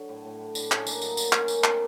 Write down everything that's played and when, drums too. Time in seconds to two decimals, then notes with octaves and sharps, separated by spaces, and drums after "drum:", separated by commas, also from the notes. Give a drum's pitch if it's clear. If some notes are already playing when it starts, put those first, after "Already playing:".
Already playing: D3 F#3
0.09 A2
0.25 A2
0.40 A2
0.55 A2 D4, drum: tambourine
0.71 A2 C#4, drum: clap
0.87 A#3 D4, drum: tambourine
1.02 F#3 D#4, drum: tambourine
1.17 A#3 D4, drum: tambourine
1.33 A#3 C#4, drum: clap
1.48 D#3 C#4, drum: tambourine
1.64 C3 D4, drum: clap